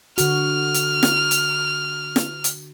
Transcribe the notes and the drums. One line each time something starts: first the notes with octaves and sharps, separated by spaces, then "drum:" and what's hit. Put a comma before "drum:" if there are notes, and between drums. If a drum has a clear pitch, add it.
D3 F#4 F6, drum: hi-hat
drum: hi-hat
drum: snare
drum: hi-hat
drum: snare
drum: hi-hat